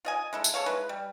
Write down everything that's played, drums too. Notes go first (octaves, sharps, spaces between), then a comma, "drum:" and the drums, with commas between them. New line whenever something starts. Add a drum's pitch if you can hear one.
F4 D#5 G#5
G#3 E4 A4
drum: tambourine
G#4 A4 C#5 F5
G#3 E4 B4
G3